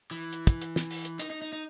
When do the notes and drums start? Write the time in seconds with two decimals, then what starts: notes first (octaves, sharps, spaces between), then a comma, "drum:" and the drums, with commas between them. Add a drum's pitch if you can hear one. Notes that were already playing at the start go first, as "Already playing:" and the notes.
0.11 E3
0.33 drum: hi-hat
0.47 drum: kick, hi-hat
0.62 drum: hi-hat
0.76 drum: snare
0.91 drum: open hi-hat
1.05 drum: hi-hat
1.20 D#4, drum: hi-hat
1.30 D#4
1.42 D#4
1.53 D#4